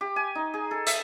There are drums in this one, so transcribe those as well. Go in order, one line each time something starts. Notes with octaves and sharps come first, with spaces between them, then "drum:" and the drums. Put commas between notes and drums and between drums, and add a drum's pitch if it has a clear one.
G4
G#5
D#4
G#4
A4
E5, drum: hi-hat